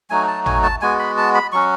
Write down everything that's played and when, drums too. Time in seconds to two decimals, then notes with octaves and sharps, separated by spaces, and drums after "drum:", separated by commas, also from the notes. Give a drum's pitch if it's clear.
0.10 F#3 A3 D#4 F#4 G#5
0.28 A5
0.46 G#5, drum: tom G#1
0.63 A5
0.81 G#3 B3 F#4 G#5
0.99 B5
1.17 A5
1.35 B5
1.52 F#3 C#4 F#4 C#6